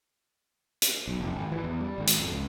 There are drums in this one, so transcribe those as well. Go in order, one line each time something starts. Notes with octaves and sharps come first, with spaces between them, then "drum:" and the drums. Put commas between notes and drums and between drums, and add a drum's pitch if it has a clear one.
drum: hi-hat
B1
F1
G#1
E3
E2
G3
G#1
drum: hi-hat
F2
C#2